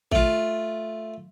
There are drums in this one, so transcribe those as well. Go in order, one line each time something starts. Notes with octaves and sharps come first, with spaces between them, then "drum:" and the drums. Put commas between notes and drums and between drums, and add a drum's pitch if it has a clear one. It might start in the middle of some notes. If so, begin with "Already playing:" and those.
A3 F4, drum: kick A1